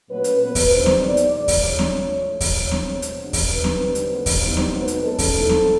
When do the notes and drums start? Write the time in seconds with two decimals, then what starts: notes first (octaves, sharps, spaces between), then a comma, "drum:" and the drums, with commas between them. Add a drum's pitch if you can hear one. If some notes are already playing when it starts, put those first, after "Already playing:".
0.08 A#2 F#3 A3 C#4 B4
0.24 drum: hi-hat
0.39 A#2 F#3 B3 B4
0.55 drum: kick D#2, open hi-hat
0.70 C3 D#3 F#3 A3 D4 C5
0.86 drum: snare C4
1.01 A#2 G3 B3 D#4 D5
1.17 drum: hi-hat
1.32 D3 F3 G#3 D5
1.48 drum: kick D#2, open hi-hat
1.63 C3 E3 G#3 C#5
1.79 drum: snare C4
1.94 F3 A3 D4
2.25 A2 E3 A3
2.40 drum: kick D#2, open hi-hat
2.56 A2 F#3 A3 C4 C#5
2.71 drum: snare C4
2.87 B2 G#3 C4
3.02 drum: hi-hat
3.18 C#3 F#3 A3 D4
3.33 drum: kick D#2, open hi-hat
3.49 D#3 G3 C4 B4
3.64 drum: snare C4
3.79 D3 G3 C4 D#4
3.95 drum: hi-hat
4.10 C#3 F#3 A#3 D4
4.26 drum: kick D#2, open hi-hat
4.41 E3 G3 B3 D#4 C5
4.57 drum: snare C4
4.72 B2 F#3 A3 C4 D#4 B4
4.88 drum: hi-hat
5.03 B2 G#3 C#4 A4
5.19 drum: kick D#2, open hi-hat
5.33 A2 F3 A3 C4 D#4
5.49 drum: snare C4